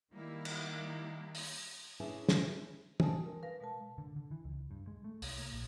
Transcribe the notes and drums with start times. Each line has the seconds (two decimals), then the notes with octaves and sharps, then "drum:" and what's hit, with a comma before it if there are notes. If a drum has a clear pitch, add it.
0.12 D#3 G3 A#3 E4
0.45 drum: cymbal
1.35 drum: open hi-hat
2.00 C#4 D4 E4 G#4 B4 C#5
2.29 drum: snare
3.00 G3 G#5 A5 D#6, drum: tom
3.26 A#4
3.43 B4 F5 A#6
3.60 B2 G#3 A#4 A5
3.98 D3
4.16 D3
4.31 E3
4.44 C#2
4.71 G2
4.87 G#3
5.04 A3
5.22 C2, drum: open hi-hat
5.38 A#3
5.52 A#1